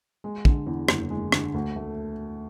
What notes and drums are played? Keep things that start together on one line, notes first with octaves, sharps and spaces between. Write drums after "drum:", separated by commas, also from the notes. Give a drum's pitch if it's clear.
G#3
D3, drum: kick
E2
F#1, drum: rim click
G#3
D3, drum: rim click
D2
A3